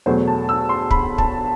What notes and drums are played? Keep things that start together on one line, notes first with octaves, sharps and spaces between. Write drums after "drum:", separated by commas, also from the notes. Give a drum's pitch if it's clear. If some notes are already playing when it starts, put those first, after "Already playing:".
E2 B2 F#3 A3 C5
A5
E6
C6
B5, drum: kick
A5, drum: kick